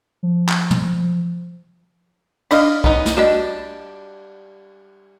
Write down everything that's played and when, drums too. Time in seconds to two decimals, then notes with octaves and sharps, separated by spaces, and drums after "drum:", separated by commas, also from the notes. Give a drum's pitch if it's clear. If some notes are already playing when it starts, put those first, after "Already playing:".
0.23 F3
0.48 drum: clap
0.71 drum: tom
2.51 D4 D5 D#5 F5, drum: cymbal
2.84 B3 C#4 D#4, drum: kick B1
3.06 drum: snare
3.17 G3 D4 F#4 D#5